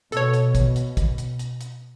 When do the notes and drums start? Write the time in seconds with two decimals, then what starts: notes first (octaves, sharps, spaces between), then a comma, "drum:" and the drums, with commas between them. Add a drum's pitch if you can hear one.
0.12 B2 A4 C#5, drum: hi-hat
0.33 drum: hi-hat
0.55 drum: kick, hi-hat
0.76 drum: hi-hat
0.97 drum: kick, hi-hat
1.18 drum: hi-hat
1.39 drum: hi-hat
1.61 drum: hi-hat